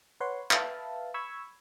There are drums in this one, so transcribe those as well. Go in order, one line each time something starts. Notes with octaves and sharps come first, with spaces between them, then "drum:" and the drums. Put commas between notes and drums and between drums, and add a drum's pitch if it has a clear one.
B4 C#5 F#5 C6
B4 E5 F5 A5, drum: clap
B5 C#6 E6 G#6